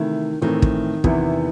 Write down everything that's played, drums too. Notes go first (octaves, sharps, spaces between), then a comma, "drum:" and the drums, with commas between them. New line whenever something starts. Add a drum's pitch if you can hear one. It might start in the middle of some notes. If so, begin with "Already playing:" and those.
Already playing: C3 D#3 E3 A3 E4
A2 D#3 E3 A3 C4
drum: kick
E2 C3 E3 B3 E4, drum: kick